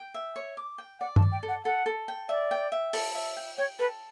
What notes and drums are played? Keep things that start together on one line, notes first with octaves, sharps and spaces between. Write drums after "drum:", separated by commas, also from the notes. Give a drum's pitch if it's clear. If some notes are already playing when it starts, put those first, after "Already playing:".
Already playing: G5
E5
C#5
D6
G5
D5 F#5
A5, drum: tom G2
D5
G5
A4
F#5
A4 F#5
A4
G5
D5 E5
G5
E5
A4, drum: open hi-hat
E5
G5
C#5 G5
A4 B4